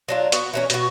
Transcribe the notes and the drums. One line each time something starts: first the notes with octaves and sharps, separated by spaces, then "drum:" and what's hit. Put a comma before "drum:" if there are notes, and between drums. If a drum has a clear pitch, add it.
F#3 D4 F4
B3 F#4, drum: hi-hat
E3 F#3 C#4
B2 F#4, drum: hi-hat